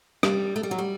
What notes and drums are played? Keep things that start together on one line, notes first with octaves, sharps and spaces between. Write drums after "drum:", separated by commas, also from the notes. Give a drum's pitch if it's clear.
G3, drum: rim click
A3
G3
F#3
G3